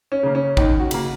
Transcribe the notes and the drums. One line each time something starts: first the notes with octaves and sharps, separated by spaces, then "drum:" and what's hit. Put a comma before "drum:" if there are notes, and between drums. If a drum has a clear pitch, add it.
C#4
C#3 A#3
C#4
D#2 D#4, drum: kick
F#4
C#3 A#3, drum: cymbal